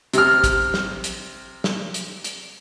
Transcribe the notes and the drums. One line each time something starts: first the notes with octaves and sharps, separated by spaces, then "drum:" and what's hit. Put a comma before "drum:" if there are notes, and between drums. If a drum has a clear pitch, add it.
C3 F6, drum: hi-hat
drum: kick, hi-hat
drum: snare
drum: hi-hat
drum: snare
drum: hi-hat
drum: hi-hat